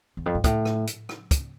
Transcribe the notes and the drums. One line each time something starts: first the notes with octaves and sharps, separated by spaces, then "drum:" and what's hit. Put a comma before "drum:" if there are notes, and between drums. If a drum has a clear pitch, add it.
E2
F2
G#2
A2, drum: kick, hi-hat
drum: rim click
drum: hi-hat
drum: rim click
drum: kick, hi-hat